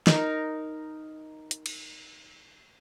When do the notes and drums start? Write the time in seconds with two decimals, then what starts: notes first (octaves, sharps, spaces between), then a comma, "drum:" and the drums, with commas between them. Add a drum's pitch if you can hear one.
0.07 D#4 A#4, drum: snare
1.51 drum: hi-hat
1.66 drum: cymbal